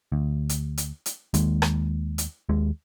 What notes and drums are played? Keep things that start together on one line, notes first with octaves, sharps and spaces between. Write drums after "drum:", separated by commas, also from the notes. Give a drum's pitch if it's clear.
D2
drum: hi-hat
drum: hi-hat
drum: hi-hat
D#2 D#3 G#3 A#3, drum: hi-hat
drum: rim click
drum: hi-hat
D#2 G#3